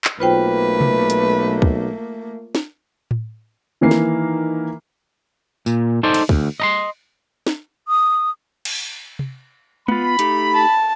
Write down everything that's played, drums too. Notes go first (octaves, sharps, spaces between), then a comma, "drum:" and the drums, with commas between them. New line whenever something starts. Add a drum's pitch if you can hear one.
drum: clap
B1 A3 A#3 F4 B4 C5 G5
drum: tom C3
drum: hi-hat
drum: kick
drum: snare
drum: tom A2
D#3 E3 A#3 C7
drum: snare
A#2, drum: tambourine
D#4 A4 C5 D5
drum: cymbal
D2, drum: kick
D#5 A#5 C6
drum: snare
D#6
drum: cymbal
drum: tom C3
B3 F4 B5, drum: tom G#3
A3 D#4 G4, drum: hi-hat
A5